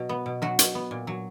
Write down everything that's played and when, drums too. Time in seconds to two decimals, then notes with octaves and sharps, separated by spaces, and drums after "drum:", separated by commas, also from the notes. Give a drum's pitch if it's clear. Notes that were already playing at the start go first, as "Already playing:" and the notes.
Already playing: B2 F#3
0.09 B3
0.26 B2
0.42 F#3 F#4
0.59 B2, drum: hi-hat
0.75 B3
0.91 A#2
1.07 F#3